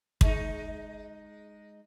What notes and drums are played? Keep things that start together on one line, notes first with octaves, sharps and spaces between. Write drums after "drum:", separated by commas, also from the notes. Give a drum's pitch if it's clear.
G#3 D#4, drum: kick